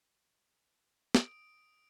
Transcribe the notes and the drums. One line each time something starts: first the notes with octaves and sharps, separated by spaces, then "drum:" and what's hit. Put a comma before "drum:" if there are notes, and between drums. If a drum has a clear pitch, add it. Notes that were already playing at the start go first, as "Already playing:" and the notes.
D#6 D7, drum: snare